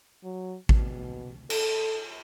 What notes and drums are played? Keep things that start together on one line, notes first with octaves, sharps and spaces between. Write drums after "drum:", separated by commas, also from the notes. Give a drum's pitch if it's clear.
F#3
B2, drum: kick A1
A4, drum: cymbal